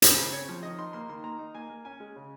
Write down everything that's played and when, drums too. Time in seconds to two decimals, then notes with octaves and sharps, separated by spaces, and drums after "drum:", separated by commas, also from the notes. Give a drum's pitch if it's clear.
0.02 C#3 C5, drum: hi-hat
0.18 C#3
0.32 C4 C#5
0.49 F3
0.63 D#3 D#5
0.79 D#4 C6
0.93 A#3 C6
1.09 D#3 C6
1.24 A#3 A#5
1.39 D#4
1.55 A#3 G#5
1.70 A#3
1.85 C#4 G#5
2.00 G#3
2.16 C#3